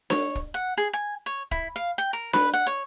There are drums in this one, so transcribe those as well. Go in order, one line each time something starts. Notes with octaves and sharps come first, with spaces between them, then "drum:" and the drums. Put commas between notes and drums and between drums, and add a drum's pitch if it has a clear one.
C#5, drum: snare D4
drum: kick
F#5
G#4
G#5
C#5
E4, drum: kick
F5
G5
A#4
B4, drum: snare D4
F#5
C#5